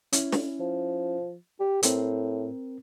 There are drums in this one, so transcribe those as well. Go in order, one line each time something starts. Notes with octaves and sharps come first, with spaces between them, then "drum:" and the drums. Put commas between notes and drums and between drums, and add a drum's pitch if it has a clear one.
C#4 E4, drum: hi-hat
drum: snare
F3
G4
A2 C4 A#4, drum: hi-hat